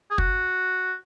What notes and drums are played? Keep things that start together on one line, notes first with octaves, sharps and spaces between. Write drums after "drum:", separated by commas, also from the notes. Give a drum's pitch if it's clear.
G#4
F#4, drum: kick